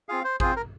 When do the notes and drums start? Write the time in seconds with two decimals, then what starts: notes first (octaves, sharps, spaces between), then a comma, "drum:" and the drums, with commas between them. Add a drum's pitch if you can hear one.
0.09 C4 F4 G#4 F5
0.24 C5
0.40 C4 F4 G#4 C5, drum: kick A1
0.56 A#4